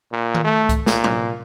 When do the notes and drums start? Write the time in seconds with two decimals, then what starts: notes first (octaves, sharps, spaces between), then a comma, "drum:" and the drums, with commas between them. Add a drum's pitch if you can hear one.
0.12 A#2
0.34 drum: tom D#3
0.44 A3
0.69 drum: kick C2, hi-hat
0.87 A#2, drum: snare
1.04 drum: tom A2